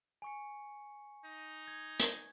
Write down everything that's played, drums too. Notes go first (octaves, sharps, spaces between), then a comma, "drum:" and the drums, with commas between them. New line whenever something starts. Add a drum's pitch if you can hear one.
G#5 C#6 C#7
D#4
G#6
drum: hi-hat